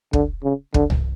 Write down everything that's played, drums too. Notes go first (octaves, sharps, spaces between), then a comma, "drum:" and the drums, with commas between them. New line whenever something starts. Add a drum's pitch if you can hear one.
D3, drum: kick
C#3
D3, drum: kick
drum: tom